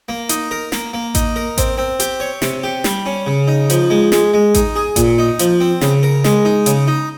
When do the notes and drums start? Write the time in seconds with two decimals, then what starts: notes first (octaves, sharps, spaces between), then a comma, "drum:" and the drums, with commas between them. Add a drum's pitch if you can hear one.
0.09 A#3
0.29 D#4, drum: hi-hat
0.51 A#4
0.72 A#3, drum: snare
0.93 A#3
1.15 D#4, drum: kick A1, hi-hat
1.36 A#4
1.58 C4, drum: kick A1, hi-hat
1.78 C4
2.00 G4, drum: hi-hat
2.20 C#5
2.42 C3, drum: snare
2.63 G4
2.84 G3, drum: snare
3.06 C#4
3.26 C#3
3.48 D#4
3.70 F3, drum: hi-hat
3.90 G#3
4.12 G#3, drum: snare
4.33 G#3
4.54 D#4, drum: kick A1, hi-hat
4.76 G#4
4.96 A#2, drum: kick A1, hi-hat
5.18 D#4
5.39 F3, drum: hi-hat
5.60 C4
5.81 C#3, drum: snare
6.03 A#4
6.24 G#3, drum: snare
6.45 D#4
6.66 C#3, drum: hi-hat
6.87 D#4